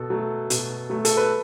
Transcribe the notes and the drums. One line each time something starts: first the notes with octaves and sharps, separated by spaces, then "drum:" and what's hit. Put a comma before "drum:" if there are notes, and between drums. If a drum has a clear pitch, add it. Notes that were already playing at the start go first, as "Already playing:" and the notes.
Already playing: B2 A4
F#3 A3
B2, drum: hi-hat
F#3 A3
A4, drum: hi-hat
B4